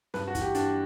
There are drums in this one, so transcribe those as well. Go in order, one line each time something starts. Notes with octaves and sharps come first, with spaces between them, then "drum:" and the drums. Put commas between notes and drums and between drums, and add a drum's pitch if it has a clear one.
G2 B4, drum: snare
F#4
E3, drum: kick, hi-hat
G4
G2 D4, drum: hi-hat